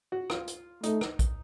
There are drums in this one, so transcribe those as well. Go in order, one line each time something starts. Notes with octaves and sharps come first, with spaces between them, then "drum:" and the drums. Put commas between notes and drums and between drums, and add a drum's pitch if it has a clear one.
F#4
F4, drum: rim click
drum: hi-hat
A3 D#4, drum: hi-hat
drum: rim click
drum: kick A#1, hi-hat